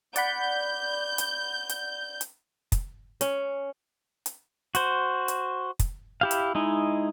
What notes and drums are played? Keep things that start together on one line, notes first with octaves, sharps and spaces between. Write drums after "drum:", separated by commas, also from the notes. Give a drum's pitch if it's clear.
D5 F#5 B5 G6, drum: hi-hat
drum: hi-hat
drum: hi-hat
drum: hi-hat
drum: kick, hi-hat
C#4, drum: hi-hat
drum: hi-hat
F#4 C5, drum: hi-hat
drum: hi-hat
drum: kick, hi-hat
E4 G4 F5
drum: hi-hat
G#3 D#4 E4